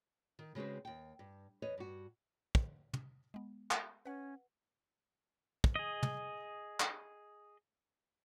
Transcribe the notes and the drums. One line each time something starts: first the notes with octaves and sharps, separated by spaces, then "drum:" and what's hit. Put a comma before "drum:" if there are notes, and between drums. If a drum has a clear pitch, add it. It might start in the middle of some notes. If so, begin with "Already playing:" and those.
D#3
C#3 G#3 C4 F#4 B4
D#2 G5
G2
E2 B4 C#5 D#5
G2 F#4
drum: kick
drum: tom
G#3 B3
drum: clap
C#4 B4 F#5
drum: kick
G#4 D#5
drum: tom
drum: clap